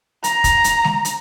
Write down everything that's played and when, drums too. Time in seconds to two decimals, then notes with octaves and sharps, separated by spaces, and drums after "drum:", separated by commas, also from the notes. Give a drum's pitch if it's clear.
0.24 A#5, drum: hi-hat
0.44 drum: kick, hi-hat
0.64 drum: hi-hat
0.84 drum: snare G#3
1.05 drum: hi-hat